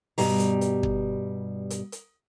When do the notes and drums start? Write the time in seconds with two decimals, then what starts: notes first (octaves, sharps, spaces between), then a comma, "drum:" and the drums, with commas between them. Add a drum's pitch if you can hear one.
0.18 G2 B2 G3 A#5, drum: open hi-hat
0.39 drum: hi-hat
0.61 drum: hi-hat
0.83 drum: kick
1.70 drum: hi-hat
1.92 drum: hi-hat